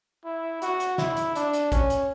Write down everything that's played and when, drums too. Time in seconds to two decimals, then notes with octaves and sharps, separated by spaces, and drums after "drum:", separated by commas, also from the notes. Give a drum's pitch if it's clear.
0.25 E4
0.62 F#4, drum: hi-hat
0.80 drum: hi-hat
0.98 E4, drum: snare
1.17 drum: hi-hat
1.36 D4, drum: hi-hat
1.53 drum: hi-hat
1.72 C#4, drum: kick A#1, hi-hat
1.90 drum: hi-hat